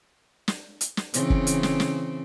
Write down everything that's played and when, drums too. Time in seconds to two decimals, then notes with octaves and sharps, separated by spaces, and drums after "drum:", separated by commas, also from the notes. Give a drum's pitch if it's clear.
0.48 drum: snare
0.81 drum: hi-hat
0.97 drum: snare
1.14 C#3 E3 C4, drum: hi-hat
1.30 drum: kick
1.47 drum: hi-hat
1.63 drum: snare
1.80 drum: snare